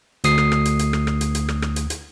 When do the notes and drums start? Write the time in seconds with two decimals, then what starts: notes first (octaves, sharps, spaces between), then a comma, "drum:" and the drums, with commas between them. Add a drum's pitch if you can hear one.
0.24 D2 D#6 C7, drum: hi-hat
0.38 drum: rim click
0.52 drum: rim click
0.65 drum: hi-hat
0.79 drum: hi-hat
0.93 drum: rim click
1.07 drum: rim click
1.21 drum: hi-hat
1.35 drum: hi-hat
1.48 drum: rim click
1.62 drum: rim click
1.76 drum: hi-hat
1.90 drum: hi-hat